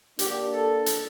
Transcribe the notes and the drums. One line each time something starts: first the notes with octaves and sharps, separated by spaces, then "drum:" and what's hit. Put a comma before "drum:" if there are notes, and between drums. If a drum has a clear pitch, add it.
A#3 D4 G4, drum: hi-hat
A4
drum: hi-hat